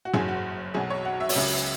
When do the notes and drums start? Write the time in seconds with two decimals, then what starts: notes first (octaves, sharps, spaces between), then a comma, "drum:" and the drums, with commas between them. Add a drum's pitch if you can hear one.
0.05 F#4
0.14 F#1 F#2 F#3 G#4, drum: tom
0.28 F#4
0.74 B1 B2 F#3 G#4
0.90 C#5
1.05 F#5
1.20 E5
1.29 C#5, drum: open hi-hat
1.36 C#2 C#3 F#3 E5
1.52 E5